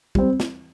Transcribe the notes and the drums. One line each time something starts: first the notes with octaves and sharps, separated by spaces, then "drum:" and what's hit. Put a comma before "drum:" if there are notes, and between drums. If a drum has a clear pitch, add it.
G3 C4, drum: kick
drum: snare